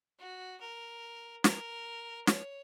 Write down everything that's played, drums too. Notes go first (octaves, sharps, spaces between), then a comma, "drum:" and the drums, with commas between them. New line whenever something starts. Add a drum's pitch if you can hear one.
F#4
A#4
A#4, drum: snare
C#5, drum: snare